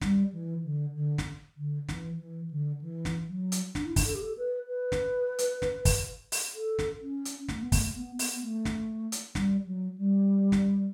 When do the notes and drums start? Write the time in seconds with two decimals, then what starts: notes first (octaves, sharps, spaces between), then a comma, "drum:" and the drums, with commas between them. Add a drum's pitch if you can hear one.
0.01 G3, drum: snare
0.32 E3
0.64 D3
0.95 D3
1.18 drum: snare
1.57 D3
1.89 E3, drum: snare
2.19 E3
2.51 D3
2.81 E3
3.05 drum: snare
3.28 F#3
3.52 drum: hi-hat
3.75 D4, drum: snare
3.86 E4
3.96 D4, drum: kick, open hi-hat
4.06 A4
4.14 G4
4.22 A4
4.38 B4
4.68 B4
4.92 drum: snare
5.39 drum: hi-hat
5.62 drum: snare
5.85 drum: kick, open hi-hat
6.32 drum: open hi-hat
6.55 A4
6.79 drum: snare
7.02 C#4
7.25 drum: hi-hat
7.48 A3, drum: snare
7.62 B3
7.72 A3, drum: kick, open hi-hat
7.96 B3
8.19 B3, drum: open hi-hat
8.42 A3
8.65 drum: snare
9.12 drum: hi-hat
9.35 G3, drum: snare
9.66 F#3
9.98 G3
10.52 drum: snare